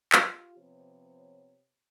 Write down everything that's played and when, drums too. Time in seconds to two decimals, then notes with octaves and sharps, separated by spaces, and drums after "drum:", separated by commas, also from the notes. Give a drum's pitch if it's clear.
0.12 F4 G4, drum: clap
0.57 C3 F3 B3 C5 C#5